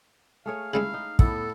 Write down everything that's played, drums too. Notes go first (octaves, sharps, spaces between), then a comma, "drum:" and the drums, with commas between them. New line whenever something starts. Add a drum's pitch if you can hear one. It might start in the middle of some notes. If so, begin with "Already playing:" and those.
A3 G#4 C#5 F5
C#3 G3 G#3 D#4 E4 E5 F5
D#4
A2 B3 E4 A4 F#5, drum: kick